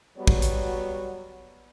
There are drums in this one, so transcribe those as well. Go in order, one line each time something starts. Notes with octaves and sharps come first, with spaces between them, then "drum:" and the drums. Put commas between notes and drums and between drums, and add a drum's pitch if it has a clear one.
F#3 G3 B3 F#4
drum: kick
drum: hi-hat